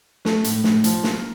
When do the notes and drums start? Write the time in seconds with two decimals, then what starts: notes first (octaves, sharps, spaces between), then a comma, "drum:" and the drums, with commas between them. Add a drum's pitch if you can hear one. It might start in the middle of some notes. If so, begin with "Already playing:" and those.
0.25 A3, drum: snare
0.44 A2, drum: hi-hat
0.64 A2, drum: snare
0.84 F3, drum: hi-hat
1.04 A#3, drum: snare